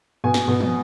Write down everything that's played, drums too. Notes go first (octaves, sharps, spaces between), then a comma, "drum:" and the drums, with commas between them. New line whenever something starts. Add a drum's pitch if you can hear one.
B2 G#5
drum: snare
B2
drum: tom